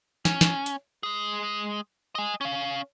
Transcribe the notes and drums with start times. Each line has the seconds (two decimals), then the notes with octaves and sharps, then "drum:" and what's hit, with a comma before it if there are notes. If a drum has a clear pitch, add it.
0.25 C#4, drum: snare
0.41 drum: snare
0.66 drum: hi-hat
1.03 G#3 G#4
2.15 D#5 G#5
2.41 C#4 F5